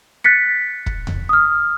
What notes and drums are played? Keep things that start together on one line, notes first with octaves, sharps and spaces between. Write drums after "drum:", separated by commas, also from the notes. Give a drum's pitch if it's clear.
F#6 A6 B6 C#7
drum: kick
drum: tom E2
D#6 F6